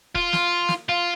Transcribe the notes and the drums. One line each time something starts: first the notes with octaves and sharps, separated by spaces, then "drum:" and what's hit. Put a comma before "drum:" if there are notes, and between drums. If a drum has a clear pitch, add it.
F4, drum: kick
drum: snare
drum: snare
F4